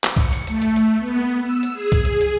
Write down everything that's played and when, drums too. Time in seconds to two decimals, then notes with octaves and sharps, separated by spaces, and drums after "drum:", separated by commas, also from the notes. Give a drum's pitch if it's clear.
0.04 drum: clap
0.17 C#7, drum: kick B1, hi-hat
0.33 drum: hi-hat
0.47 A3, drum: hi-hat
0.62 drum: hi-hat
0.76 drum: hi-hat
0.99 B3
1.41 E6
1.63 drum: hi-hat
1.73 G#4
1.92 drum: kick B1, hi-hat
2.05 G#4, drum: hi-hat
2.21 drum: hi-hat